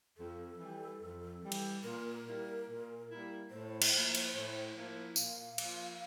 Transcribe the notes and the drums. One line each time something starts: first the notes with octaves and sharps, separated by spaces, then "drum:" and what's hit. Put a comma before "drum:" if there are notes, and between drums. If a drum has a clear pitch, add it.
F2 A4
E3 G3
F2
E3 G3
drum: cymbal
A#2 A#4
G3 A#3 E4
A#2
G3 A#3 E4
A2 C5
drum: cymbal
F3 A#3 E4
drum: cymbal
A2
F3 A#3 E4
A#2 F5, drum: tambourine
F3 A#3 F4, drum: cymbal